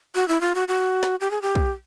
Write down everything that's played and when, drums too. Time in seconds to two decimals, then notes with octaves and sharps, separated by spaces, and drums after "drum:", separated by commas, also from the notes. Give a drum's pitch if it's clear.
0.15 F#4
0.28 E4
0.41 F4
0.55 F#4
0.68 F#4
1.03 drum: snare
1.21 G4
1.31 G#4
1.42 G4
1.55 drum: kick